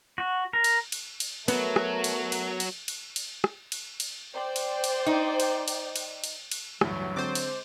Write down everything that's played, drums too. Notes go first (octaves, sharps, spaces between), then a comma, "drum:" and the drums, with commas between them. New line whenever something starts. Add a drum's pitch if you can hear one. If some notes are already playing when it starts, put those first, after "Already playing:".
F#4
A#4
drum: cymbal
drum: cymbal
drum: cymbal
F#3 A3 B3 A#4, drum: cymbal
drum: rim click
drum: cymbal
drum: cymbal
drum: cymbal
drum: cymbal
drum: cymbal
drum: rim click
drum: cymbal
drum: cymbal
C5 D5 G5
drum: cymbal
drum: cymbal
D#4
drum: cymbal
drum: cymbal
drum: cymbal
drum: cymbal
drum: cymbal
A1 D2 G2 E3 F#3 C#5, drum: rim click
D3 G#3 C4 C5 D6 A6 D7
drum: cymbal